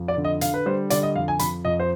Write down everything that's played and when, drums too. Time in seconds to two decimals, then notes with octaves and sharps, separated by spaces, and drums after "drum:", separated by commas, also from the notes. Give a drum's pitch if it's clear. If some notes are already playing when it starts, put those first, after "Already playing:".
Already playing: F2
0.08 D5
0.16 D3
0.24 D#5
0.41 D3 F5, drum: hi-hat
0.54 B4
0.66 G3 C5
0.90 D3 D5, drum: hi-hat
1.03 D#5
1.16 F2 F5
1.28 G#5
1.39 F2 B5, drum: hi-hat
1.65 F2 D#5
1.80 C5